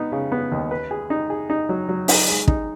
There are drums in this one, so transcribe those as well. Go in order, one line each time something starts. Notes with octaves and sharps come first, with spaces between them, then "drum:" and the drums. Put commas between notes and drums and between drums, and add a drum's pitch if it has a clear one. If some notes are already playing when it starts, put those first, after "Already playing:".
Already playing: B3 D#4
C#3
B3
D#2
B4
G#4
D#4
G#4
D#4
F#3
F#3
D#4, drum: open hi-hat
G#3
D#4, drum: kick